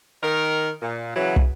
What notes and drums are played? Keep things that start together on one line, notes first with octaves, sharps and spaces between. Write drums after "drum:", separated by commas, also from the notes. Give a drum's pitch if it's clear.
D#3 A#4
A#2
C#3 E3 F#3
drum: kick